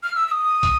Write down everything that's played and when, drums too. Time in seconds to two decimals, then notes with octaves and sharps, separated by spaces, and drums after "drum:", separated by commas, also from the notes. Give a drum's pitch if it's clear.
0.03 F6
0.15 E6
0.27 E6
0.31 D#6
0.63 drum: kick, hi-hat